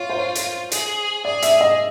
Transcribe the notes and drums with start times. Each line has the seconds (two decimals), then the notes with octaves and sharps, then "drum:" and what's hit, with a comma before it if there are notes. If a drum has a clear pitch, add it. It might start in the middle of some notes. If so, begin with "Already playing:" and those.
Already playing: F4 C#5
0.09 C5
0.17 C#5
0.35 drum: hi-hat
0.72 G#4, drum: hi-hat
1.25 G#4 D5
1.42 E5, drum: hi-hat
1.61 D#5